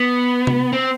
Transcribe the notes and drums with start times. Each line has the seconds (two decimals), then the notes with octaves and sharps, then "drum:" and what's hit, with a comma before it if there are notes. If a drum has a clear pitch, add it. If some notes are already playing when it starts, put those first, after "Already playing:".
Already playing: B3
0.47 drum: tom C3
0.73 C4